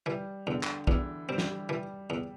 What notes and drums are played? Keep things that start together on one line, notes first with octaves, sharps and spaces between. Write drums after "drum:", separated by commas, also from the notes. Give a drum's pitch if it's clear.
E3 G3
E2 D3
drum: clap
E2 E3, drum: kick
G3 C4
E3, drum: snare
G3
E3 G3
E2